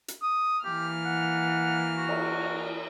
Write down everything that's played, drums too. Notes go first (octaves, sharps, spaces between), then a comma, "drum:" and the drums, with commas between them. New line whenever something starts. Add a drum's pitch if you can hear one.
drum: hi-hat
D#6
E3 A#3 G4 F6
F#5
F#4
drum: cymbal